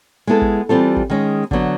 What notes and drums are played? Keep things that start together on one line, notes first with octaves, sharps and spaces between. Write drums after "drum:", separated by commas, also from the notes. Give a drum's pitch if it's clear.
G#3 B3 E4 A4
drum: kick
E3 G3 C4 F4 A4
drum: kick
D#3 G#3 C#4
D3 F#3 B3, drum: kick